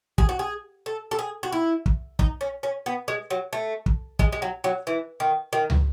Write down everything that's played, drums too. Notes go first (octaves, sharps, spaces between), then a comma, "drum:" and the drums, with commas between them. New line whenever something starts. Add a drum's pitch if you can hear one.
G#4, drum: kick
F#4
G#4
A4
A4
G#4
F#4
E4
drum: kick
D#4, drum: kick
C#4
C#4
B3
G#3
F#3
A3
drum: kick
G#3, drum: kick
G#3
F#3
F#3
E3
D#3
D#3
drum: tom C#2